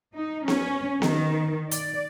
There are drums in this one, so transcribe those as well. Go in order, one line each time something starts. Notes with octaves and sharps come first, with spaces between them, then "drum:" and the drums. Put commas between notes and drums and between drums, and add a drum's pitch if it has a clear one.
D#4
C#4, drum: snare B3
D#3, drum: snare B3
D5, drum: hi-hat